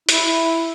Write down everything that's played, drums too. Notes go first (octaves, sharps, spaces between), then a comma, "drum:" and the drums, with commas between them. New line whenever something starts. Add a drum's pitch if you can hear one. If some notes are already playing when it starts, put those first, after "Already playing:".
E4, drum: hi-hat